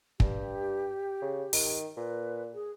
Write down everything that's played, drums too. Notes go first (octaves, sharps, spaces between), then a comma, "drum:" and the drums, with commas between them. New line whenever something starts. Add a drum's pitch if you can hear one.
G2 G4, drum: kick
C#3
D#3, drum: open hi-hat
A#2 B4
G#4